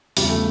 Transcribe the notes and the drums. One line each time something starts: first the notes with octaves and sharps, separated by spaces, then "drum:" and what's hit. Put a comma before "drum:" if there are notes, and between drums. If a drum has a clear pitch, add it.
E2 C#3 F3 G3, drum: open hi-hat
A3